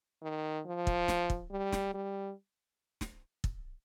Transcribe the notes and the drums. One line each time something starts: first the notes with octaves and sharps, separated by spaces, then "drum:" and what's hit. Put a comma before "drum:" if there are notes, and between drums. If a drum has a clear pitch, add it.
D#3
F3
drum: kick
drum: snare
drum: kick
G3
drum: snare
G3
drum: snare
drum: kick